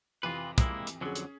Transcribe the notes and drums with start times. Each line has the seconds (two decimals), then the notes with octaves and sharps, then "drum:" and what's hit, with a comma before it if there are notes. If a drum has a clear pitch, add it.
0.23 F2 C3 E3 F4 B4
0.58 G#3 A#3 E4, drum: kick, hi-hat
0.87 drum: hi-hat
1.01 F2 D3 F#3 C#4 G#4
1.16 drum: hi-hat